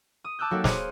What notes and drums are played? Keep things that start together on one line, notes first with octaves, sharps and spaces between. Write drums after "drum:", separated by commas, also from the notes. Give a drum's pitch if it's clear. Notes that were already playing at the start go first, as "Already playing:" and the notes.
D#6
A5 D6 E6 F#6 G6
F#3 A#3 D#4 F#4 G4 A4
G#4 C5 C#5 D6 F6 F#6, drum: snare